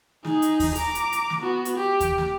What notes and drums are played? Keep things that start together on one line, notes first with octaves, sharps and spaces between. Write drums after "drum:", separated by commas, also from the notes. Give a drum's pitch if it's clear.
D#4 G#4, drum: snare
drum: hi-hat
drum: kick D#2, open hi-hat
A#5 D6, drum: hi-hat
drum: hi-hat
drum: hi-hat
drum: snare
B3 F#4
drum: hi-hat
G4
drum: kick D#2, hi-hat
drum: snare